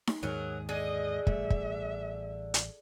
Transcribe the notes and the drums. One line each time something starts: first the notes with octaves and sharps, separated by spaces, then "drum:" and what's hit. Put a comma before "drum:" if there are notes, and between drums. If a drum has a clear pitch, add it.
drum: snare D#4
D#2 G#2 D#3 F#3 G#4 A#4
D3 G#4 D#5
A1 G3 A3 E5, drum: kick
drum: kick
drum: hi-hat